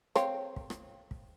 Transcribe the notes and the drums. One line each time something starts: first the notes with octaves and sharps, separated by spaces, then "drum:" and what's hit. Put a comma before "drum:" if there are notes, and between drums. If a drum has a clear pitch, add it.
C4 C#5 F5, drum: rim click
drum: kick
drum: rim click
drum: kick